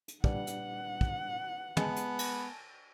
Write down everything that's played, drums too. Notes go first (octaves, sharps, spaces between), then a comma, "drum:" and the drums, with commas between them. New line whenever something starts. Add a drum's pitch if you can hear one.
drum: hi-hat
A#2 G3 D4 B4 F#5, drum: kick
drum: hi-hat
drum: kick
G#3 B3 G#5 A5, drum: tom
drum: hi-hat
drum: cymbal